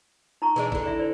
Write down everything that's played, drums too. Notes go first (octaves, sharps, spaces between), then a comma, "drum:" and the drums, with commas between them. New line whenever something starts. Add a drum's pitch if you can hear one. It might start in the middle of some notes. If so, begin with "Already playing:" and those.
D#4 A#5 C#6
E3 G#3 D4
D3 E4, drum: kick A1
D5 E5
C5 D5